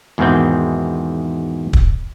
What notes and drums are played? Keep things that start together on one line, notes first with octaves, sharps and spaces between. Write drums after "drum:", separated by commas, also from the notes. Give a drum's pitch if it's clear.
E2 G#2 B2 D#3 C4 G5
drum: kick